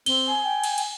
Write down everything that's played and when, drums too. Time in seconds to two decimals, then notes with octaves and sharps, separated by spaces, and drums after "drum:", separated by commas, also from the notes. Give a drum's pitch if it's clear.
0.06 C4 G7, drum: cymbal
0.27 G#5
0.44 G5
0.63 drum: cymbal
0.78 drum: cymbal